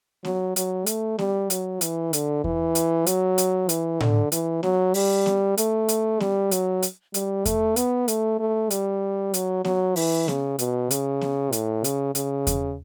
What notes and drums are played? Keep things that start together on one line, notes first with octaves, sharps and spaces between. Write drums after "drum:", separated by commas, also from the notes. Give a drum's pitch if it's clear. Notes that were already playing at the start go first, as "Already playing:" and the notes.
F#3, drum: snare B3
F#3, drum: hi-hat
A3, drum: hi-hat
G3, drum: snare B3
F#3, drum: hi-hat
E3, drum: hi-hat
D3, drum: hi-hat
E3, drum: kick E2
drum: hi-hat
F#3, drum: hi-hat
drum: hi-hat
E3, drum: hi-hat
D3, drum: tom A2
E3, drum: hi-hat
F#3, drum: snare B3
G3, drum: open hi-hat
drum: snare B3
A3, drum: hi-hat
drum: hi-hat
G3, drum: snare B3
F#3, drum: hi-hat
drum: hi-hat
G3, drum: hi-hat
A3, drum: kick E2, hi-hat
B3, drum: hi-hat
A3, drum: hi-hat
A3
G3, drum: hi-hat
F#3, drum: hi-hat
F#3, drum: snare B3
E3, drum: open hi-hat
C#3, drum: snare B3
B2, drum: hi-hat
C#3, drum: hi-hat
drum: snare B3
A2, drum: hi-hat
C#3, drum: hi-hat
C#3, drum: hi-hat
drum: kick E2, hi-hat